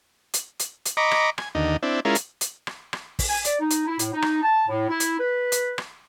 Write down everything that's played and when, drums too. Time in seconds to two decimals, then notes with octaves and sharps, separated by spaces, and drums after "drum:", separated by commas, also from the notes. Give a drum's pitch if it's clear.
0.34 drum: hi-hat
0.60 drum: hi-hat
0.86 drum: hi-hat
0.97 D#5 A#5 B5 C#6 D6
1.11 drum: rim click
1.38 G#5, drum: rim click
1.55 D#2 D3 D#4
1.83 C4 D4 E4
2.05 G#3 C#4 E4 F4 A#4
2.15 drum: hi-hat
2.41 drum: hi-hat
2.67 drum: rim click
2.93 drum: rim click
3.19 drum: kick, open hi-hat
3.29 G#5
3.45 D5, drum: hi-hat
3.59 D#4
3.71 drum: hi-hat
3.86 E4
3.99 A2, drum: hi-hat
4.13 D#4
4.22 drum: rim click
4.42 A5
4.68 A2
4.88 E4
5.00 drum: hi-hat
5.20 B4
5.52 drum: hi-hat
5.78 drum: rim click